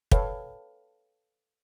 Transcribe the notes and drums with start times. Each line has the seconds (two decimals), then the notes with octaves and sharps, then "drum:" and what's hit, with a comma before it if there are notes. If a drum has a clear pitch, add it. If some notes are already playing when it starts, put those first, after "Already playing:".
0.11 A4 B4 C#5 F5 G5 A5, drum: kick